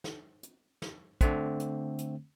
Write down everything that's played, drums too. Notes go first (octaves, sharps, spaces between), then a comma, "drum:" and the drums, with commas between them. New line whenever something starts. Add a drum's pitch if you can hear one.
drum: snare
drum: hi-hat
drum: snare
D3 A3 C4, drum: kick, hi-hat
drum: hi-hat
drum: hi-hat